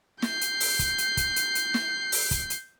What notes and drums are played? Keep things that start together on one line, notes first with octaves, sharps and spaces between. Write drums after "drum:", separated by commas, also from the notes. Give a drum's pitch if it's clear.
G6 C7, drum: snare
drum: hi-hat
drum: open hi-hat
drum: kick, hi-hat
drum: hi-hat
drum: kick, hi-hat
drum: hi-hat
drum: hi-hat
drum: snare
drum: open hi-hat
drum: kick, hi-hat
drum: hi-hat